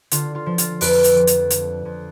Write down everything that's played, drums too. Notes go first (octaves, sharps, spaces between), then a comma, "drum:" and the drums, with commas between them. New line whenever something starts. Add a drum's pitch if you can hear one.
D3 F4, drum: hi-hat
F4
F3
F4, drum: hi-hat
F2 B4, drum: open hi-hat
drum: hi-hat
F3
drum: hi-hat
D3, drum: hi-hat
F2